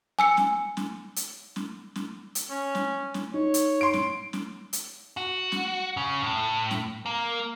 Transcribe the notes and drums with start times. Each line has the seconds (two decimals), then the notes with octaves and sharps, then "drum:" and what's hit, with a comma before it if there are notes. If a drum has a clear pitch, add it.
0.19 G#5 E6 C#7
0.37 drum: snare
0.77 drum: snare
1.16 drum: hi-hat
1.56 drum: snare
1.96 drum: snare
2.35 drum: hi-hat
2.50 C#4
2.75 drum: snare
3.14 drum: snare
3.34 D#4 C#5
3.54 drum: hi-hat
3.81 C6 D7
3.93 drum: snare
4.33 drum: snare
4.73 drum: hi-hat
5.17 F#4
5.52 drum: snare
5.97 C#3
6.23 A2
6.71 drum: snare
7.06 A#3